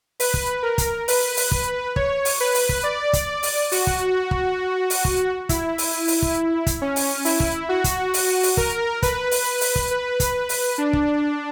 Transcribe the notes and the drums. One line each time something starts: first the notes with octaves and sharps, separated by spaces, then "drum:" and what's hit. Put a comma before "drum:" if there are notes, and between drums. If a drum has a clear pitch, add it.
B4, drum: open hi-hat
drum: kick
A#4
drum: kick, hi-hat
B4, drum: open hi-hat
drum: open hi-hat
drum: kick
C#5, drum: kick
drum: open hi-hat
B4
drum: open hi-hat
drum: kick
D5
drum: kick, hi-hat
drum: open hi-hat
F#4, drum: open hi-hat
drum: kick
drum: kick
drum: open hi-hat
drum: kick
E4, drum: kick, hi-hat
drum: open hi-hat
drum: open hi-hat
drum: kick
drum: kick, hi-hat
C#4
drum: open hi-hat
E4, drum: open hi-hat
drum: kick
F#4
drum: kick, hi-hat
drum: open hi-hat
drum: open hi-hat
A#4, drum: kick
B4, drum: kick, hi-hat
drum: open hi-hat
drum: open hi-hat
drum: kick
B4
drum: kick, hi-hat
drum: open hi-hat
D4
drum: kick